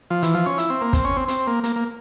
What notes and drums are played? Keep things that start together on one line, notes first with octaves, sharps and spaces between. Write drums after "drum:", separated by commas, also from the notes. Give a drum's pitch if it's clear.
F3
E3, drum: hi-hat
F3
C#4
E4, drum: hi-hat
C4
A#3
C4, drum: kick, hi-hat
C#4
C4
C4, drum: hi-hat
A#3
A#3, drum: hi-hat
A#3